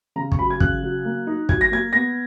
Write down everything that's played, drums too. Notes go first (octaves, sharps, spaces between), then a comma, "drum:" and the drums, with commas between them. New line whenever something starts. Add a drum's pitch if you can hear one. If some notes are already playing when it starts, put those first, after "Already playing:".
C#3 A#5
C#6, drum: kick
F#3 B5
G#6
C#3 F#6, drum: kick
F#3
A#3
D#4
F#3 G#6, drum: kick
A#6
A#3 G#6
B3 A#6